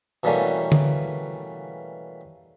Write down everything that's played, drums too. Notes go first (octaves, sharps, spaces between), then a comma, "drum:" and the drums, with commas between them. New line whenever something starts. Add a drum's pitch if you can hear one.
B2 E3 G3 A3 A#3 C#4
drum: tom D3